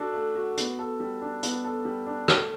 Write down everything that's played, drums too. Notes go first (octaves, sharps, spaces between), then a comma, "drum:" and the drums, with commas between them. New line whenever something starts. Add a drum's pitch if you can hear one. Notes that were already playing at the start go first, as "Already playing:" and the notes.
Already playing: A3 D4 F#4 A4
A3
F#4
B3, drum: hi-hat
A4
G3
D4
B3, drum: hi-hat
A4
G3
D4
A3, drum: rim click